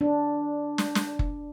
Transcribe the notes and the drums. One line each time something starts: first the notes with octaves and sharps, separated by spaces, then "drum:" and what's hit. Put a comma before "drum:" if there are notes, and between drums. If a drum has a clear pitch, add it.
D4
drum: snare
drum: snare
drum: kick F#1